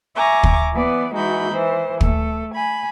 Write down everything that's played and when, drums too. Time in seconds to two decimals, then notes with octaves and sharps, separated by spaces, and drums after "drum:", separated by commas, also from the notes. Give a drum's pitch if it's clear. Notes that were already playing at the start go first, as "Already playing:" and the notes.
0.16 E5 G#5 A#5 C#6 D6
0.43 drum: kick
0.73 E3 B3 B4 D5
1.15 E3 G#3 D#4 F#4 B5 G6
1.52 E3 C5
2.01 A3 A4, drum: kick
2.54 G#5 B5